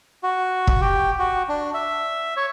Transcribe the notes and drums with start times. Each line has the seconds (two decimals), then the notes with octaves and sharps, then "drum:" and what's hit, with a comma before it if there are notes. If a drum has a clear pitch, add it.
0.23 F#4
0.67 drum: kick
0.81 G4
1.19 F#4
1.49 D4
1.74 E5
2.37 C#5